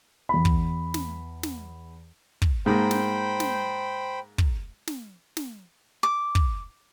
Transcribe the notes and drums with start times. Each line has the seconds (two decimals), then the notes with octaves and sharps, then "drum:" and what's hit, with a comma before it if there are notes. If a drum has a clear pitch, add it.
0.29 E2 B5
0.45 drum: kick
0.94 drum: snare
1.43 drum: snare
2.42 drum: kick
2.66 G#2 A#3 C5 G5 B5
2.91 drum: snare
3.40 drum: snare
4.38 drum: kick
4.87 drum: snare
5.37 drum: snare
6.03 D6
6.35 drum: kick